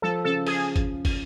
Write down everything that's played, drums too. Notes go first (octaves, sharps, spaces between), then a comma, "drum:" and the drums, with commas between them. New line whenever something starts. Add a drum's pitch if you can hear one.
F3 A4
C#3 A4
G#4, drum: open hi-hat
drum: kick, hi-hat
drum: kick, open hi-hat